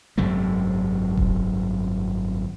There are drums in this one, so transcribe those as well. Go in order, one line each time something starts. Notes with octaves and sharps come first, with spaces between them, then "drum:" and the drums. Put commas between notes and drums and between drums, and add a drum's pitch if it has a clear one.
G#1 F#2 C3 A3
drum: kick E1